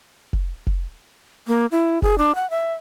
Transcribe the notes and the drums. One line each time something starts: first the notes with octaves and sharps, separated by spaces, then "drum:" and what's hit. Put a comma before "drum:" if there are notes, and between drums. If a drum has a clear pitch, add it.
drum: kick F1
drum: kick F1
A#3
E4
G#4, drum: kick F1
D4
F#5
E5